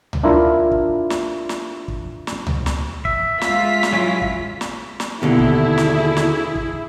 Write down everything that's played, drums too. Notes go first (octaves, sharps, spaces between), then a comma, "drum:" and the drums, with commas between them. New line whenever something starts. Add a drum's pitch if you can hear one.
drum: tom C#2
D4 E4 F4 A#4
drum: kick
drum: snare
drum: snare
drum: kick
drum: snare
drum: tom C#2
drum: snare
E5, drum: kick
G#3 F4 B6, drum: snare
drum: snare
F#3 C#4 E4
drum: kick
drum: snare
drum: snare
D#2 B2 D3 E4 G#4
drum: kick
drum: snare
drum: snare
drum: kick